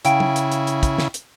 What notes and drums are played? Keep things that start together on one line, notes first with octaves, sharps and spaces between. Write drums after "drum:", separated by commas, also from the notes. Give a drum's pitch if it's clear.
C#3 E4 F5 G5 D7, drum: hi-hat
drum: tom
drum: hi-hat
drum: hi-hat
drum: hi-hat
drum: kick, hi-hat
drum: snare
drum: hi-hat